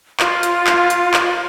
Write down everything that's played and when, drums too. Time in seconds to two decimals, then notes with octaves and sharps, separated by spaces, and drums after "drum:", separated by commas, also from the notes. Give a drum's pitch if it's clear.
0.20 F4, drum: clap
0.43 drum: hi-hat
0.67 drum: clap
0.90 drum: hi-hat
1.14 drum: clap